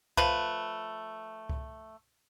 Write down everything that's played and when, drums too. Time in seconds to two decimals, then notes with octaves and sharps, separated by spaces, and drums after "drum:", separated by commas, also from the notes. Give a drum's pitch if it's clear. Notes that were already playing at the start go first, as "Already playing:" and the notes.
0.17 F3 A3 B4, drum: kick C2
1.49 drum: kick C2